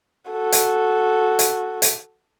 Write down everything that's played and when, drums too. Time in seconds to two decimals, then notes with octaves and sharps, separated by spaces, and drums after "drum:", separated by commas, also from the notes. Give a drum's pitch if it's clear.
0.31 F#4 A4
0.52 drum: hi-hat
1.39 drum: hi-hat
1.82 drum: hi-hat